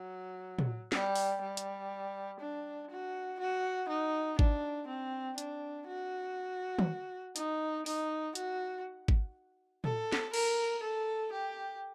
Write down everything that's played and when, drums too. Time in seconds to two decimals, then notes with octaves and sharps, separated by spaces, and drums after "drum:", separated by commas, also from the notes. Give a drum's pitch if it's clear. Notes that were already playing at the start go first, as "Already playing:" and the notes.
Already playing: F#3
0.59 drum: tom
0.92 G3, drum: snare
1.16 drum: open hi-hat
1.41 G3
1.57 drum: hi-hat
2.40 D4
2.90 F#4
3.40 F#4
3.89 D#4
4.39 D4, drum: kick G#1
4.88 C4
5.38 D4, drum: hi-hat
5.87 F#4
6.79 drum: tom
7.36 D#4, drum: hi-hat
7.86 D#4, drum: open hi-hat
8.35 F#4, drum: hi-hat
9.08 drum: kick G#1
9.84 A4, drum: tom
10.12 drum: snare
10.34 A#4, drum: cymbal
10.83 A4
11.32 G4